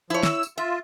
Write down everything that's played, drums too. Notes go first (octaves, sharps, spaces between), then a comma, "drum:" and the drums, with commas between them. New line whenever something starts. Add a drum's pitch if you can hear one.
F3 E4 C#5
E6, drum: snare
drum: tambourine
F4 E5